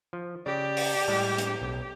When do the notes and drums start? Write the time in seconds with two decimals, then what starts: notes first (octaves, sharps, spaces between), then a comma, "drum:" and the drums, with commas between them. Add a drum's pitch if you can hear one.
0.13 F3
0.46 C#3 G4 D5
0.77 drum: open hi-hat
1.08 A2 G3 G#3
1.38 drum: hi-hat
1.62 B1